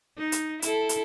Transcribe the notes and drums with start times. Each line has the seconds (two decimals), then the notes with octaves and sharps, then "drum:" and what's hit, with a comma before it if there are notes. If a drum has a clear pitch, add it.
0.18 D#4
0.32 drum: hi-hat
0.62 E4 A4, drum: hi-hat
0.89 drum: hi-hat